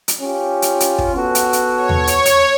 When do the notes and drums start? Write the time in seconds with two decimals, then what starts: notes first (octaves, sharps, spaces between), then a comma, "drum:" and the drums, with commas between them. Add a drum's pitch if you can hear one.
0.08 drum: hi-hat
0.21 C#4 F4 G4
0.62 drum: hi-hat
0.80 drum: hi-hat
0.99 drum: kick
1.17 B3 F#4 A4
1.35 drum: hi-hat
1.53 drum: hi-hat
1.77 C#5
1.89 drum: tom D#2
2.07 drum: hi-hat
2.25 drum: hi-hat